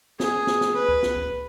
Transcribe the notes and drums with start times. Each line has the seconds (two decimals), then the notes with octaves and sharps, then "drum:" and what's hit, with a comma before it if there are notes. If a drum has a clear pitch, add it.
0.20 G#4, drum: snare
0.47 drum: snare
0.61 drum: snare
0.75 B4
0.89 drum: kick C#2
1.03 drum: snare
1.16 drum: kick C#2